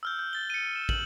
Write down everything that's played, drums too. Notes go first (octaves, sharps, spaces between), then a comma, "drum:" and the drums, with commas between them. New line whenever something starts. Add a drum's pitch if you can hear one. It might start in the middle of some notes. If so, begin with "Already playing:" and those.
E6 F6 G6
G6
A6 G7
C#7 D#7
E7
F#7, drum: kick